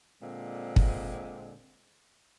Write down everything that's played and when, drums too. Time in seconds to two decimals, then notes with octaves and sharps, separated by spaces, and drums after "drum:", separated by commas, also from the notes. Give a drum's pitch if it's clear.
0.22 A#2 D3 G#3 C4
0.76 drum: kick